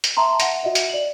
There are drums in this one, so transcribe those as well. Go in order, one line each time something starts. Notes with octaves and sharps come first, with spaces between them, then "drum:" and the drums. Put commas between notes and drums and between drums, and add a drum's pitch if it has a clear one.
drum: hi-hat
E5 A5 A#5 C6
E5 F#5, drum: hi-hat
F#4 D#5 E5 F#5
drum: hi-hat
D5 F#7